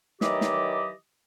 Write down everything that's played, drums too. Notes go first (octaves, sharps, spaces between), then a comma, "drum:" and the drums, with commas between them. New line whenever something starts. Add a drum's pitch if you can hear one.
D#3 E3 F#3 G4 D5 D#5, drum: snare
drum: snare